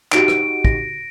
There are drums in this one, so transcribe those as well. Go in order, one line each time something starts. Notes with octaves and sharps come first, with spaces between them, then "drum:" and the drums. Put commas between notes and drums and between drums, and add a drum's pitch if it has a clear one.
D#4 F#4 G4 D7, drum: clap
drum: rim click
A#6, drum: kick